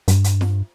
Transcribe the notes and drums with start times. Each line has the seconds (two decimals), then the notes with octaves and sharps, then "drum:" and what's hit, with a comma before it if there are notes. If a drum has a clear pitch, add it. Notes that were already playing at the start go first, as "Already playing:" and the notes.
0.08 G2, drum: hi-hat
0.24 drum: hi-hat
0.41 drum: snare